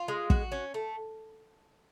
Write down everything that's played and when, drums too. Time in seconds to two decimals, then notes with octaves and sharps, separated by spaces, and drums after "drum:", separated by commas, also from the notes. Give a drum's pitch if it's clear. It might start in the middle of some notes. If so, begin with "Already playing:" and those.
Already playing: F4
0.08 G#3
0.30 F#4, drum: kick
0.52 C#4
0.74 A3